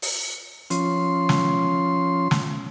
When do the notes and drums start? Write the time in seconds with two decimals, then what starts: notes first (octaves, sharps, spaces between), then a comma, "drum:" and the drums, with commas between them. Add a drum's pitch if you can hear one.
0.02 drum: open hi-hat
0.70 F3 C#4 C6, drum: hi-hat
1.29 drum: snare
2.31 drum: snare